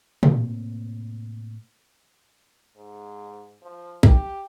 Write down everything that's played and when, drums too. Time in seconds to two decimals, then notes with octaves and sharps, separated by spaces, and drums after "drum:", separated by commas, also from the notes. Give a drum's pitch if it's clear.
0.23 A2 C3 A#3, drum: tom A#2
2.77 G#2
3.62 F3
4.03 G4, drum: kick A#1